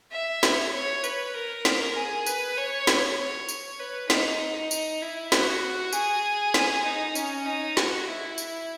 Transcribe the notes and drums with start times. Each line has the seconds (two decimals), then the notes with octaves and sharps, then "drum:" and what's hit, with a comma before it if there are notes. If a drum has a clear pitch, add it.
0.12 E5
0.43 C#5, drum: snare
0.73 C#5
1.04 B4, drum: tambourine
1.34 A#4
1.65 drum: snare
1.96 G#4
2.26 B4, drum: tambourine
2.57 C#5
2.87 drum: snare
3.18 C#5
3.49 drum: tambourine
3.79 B4
4.10 D#4, drum: snare
4.71 drum: tambourine
5.02 E4
5.32 F#4, drum: snare
5.93 G#4, drum: tambourine
6.54 drum: snare
6.84 D#4
7.15 C#4, drum: tambourine
7.46 D#4
7.77 F#4, drum: snare
8.07 E4
8.38 drum: tambourine